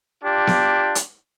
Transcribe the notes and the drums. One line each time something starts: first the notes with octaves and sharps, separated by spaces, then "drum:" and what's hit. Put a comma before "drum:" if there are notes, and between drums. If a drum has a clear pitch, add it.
D4 F4 G4
drum: snare B3
drum: hi-hat